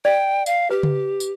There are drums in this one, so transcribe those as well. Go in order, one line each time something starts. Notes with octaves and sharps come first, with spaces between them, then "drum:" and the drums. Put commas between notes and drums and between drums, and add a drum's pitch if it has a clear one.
D5 G5
F5, drum: tambourine
G4 B4
drum: tom C#3
drum: tambourine